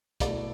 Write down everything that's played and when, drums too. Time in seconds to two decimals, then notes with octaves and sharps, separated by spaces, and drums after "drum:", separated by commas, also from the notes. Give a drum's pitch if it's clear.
0.20 B2 A3 E4 D5, drum: kick, hi-hat